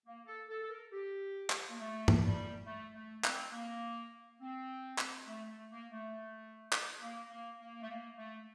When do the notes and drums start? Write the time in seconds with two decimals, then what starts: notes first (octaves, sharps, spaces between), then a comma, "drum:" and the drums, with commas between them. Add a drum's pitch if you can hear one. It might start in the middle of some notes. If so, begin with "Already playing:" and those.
0.05 A#3
0.26 A4
0.48 A4
0.62 A4
0.70 A#4
0.92 G4
1.50 drum: clap
1.69 A#3
1.80 A3
2.08 drum: tom G2
2.23 G3
2.66 A3
2.96 A3
3.24 C4, drum: clap
3.53 A#3
4.40 C4
4.98 drum: clap
5.27 A3
5.49 A3
5.71 A#3
5.92 A3
6.72 drum: clap
7.01 A#3
7.31 A#3
7.60 A#3
7.82 A3
7.88 A#3
8.18 A3